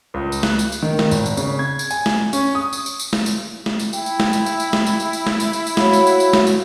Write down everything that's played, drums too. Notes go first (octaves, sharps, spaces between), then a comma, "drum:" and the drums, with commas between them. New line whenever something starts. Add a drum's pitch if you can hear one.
C#2
drum: tambourine
F#6, drum: snare
drum: tambourine
drum: tambourine
D#3
drum: snare
G#1, drum: tambourine
drum: tambourine
C#3, drum: tambourine
G#6
drum: tambourine
G#5, drum: tambourine
drum: snare
C#4, drum: tambourine
D#6
drum: tambourine
drum: tambourine
drum: tambourine
drum: snare
drum: tambourine
drum: snare
drum: tambourine
E4 G5, drum: tambourine
drum: tambourine
drum: snare
drum: tambourine
drum: tambourine
drum: tambourine
drum: snare
drum: tambourine
drum: tambourine
drum: tambourine
drum: snare
drum: tambourine
drum: tambourine
drum: tambourine
F#4 C#5 F5 B5, drum: snare
drum: tambourine
drum: tambourine
drum: tambourine
drum: snare
drum: tambourine